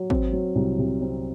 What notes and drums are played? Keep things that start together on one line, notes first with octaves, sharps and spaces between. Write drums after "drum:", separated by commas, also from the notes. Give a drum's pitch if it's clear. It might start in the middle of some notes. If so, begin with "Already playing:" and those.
Already playing: F#3
C4, drum: kick G#1
F#3
C2
C3
C4